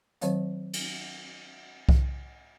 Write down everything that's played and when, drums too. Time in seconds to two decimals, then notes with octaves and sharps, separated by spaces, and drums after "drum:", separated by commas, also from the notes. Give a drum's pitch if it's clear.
0.21 D#3 F#3 C4 C#5 F5, drum: hi-hat
0.74 drum: cymbal
1.89 drum: kick C2